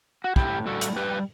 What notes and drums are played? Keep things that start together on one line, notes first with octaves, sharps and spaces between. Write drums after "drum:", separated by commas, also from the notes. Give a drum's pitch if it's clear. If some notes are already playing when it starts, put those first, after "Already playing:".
F#4
A2 E4 G4, drum: kick
G3 F#4 A4
drum: hi-hat
G3 G4 B4